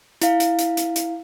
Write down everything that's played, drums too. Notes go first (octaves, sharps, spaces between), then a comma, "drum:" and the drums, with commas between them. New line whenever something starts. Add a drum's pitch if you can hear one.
E4 F5, drum: hi-hat
drum: hi-hat
drum: hi-hat
drum: hi-hat
drum: hi-hat